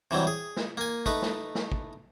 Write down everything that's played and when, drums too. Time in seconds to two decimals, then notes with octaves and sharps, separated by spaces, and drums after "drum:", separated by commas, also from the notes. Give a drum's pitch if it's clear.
0.11 C3 E3 F#3 G3
0.27 G#4
0.57 drum: snare
0.77 A#3 G#5
1.06 A3 D#4 B4, drum: kick
1.22 drum: snare
1.55 drum: snare
1.72 drum: kick